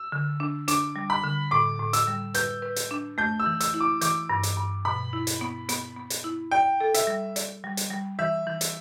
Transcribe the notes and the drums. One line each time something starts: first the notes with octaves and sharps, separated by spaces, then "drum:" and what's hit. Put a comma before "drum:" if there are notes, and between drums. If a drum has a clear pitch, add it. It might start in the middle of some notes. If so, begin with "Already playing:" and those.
Already playing: E6
D3
D4
D4 D6, drum: hi-hat
G3
B5
D3
A2 D6
A2
E6, drum: hi-hat
G3
B4 G6, drum: hi-hat
B4
drum: hi-hat
D4
A3 G6
E6
E3
E6, drum: hi-hat
E4
D6
E3 D6, drum: hi-hat
G2
drum: hi-hat
G2
B2 B5
E4
drum: hi-hat
B3
B3, drum: hi-hat
B3
drum: hi-hat
E4
D5 G5
A4
E5, drum: hi-hat
G3
D5, drum: hi-hat
G3
drum: hi-hat
G3
E3 E5
E3
drum: hi-hat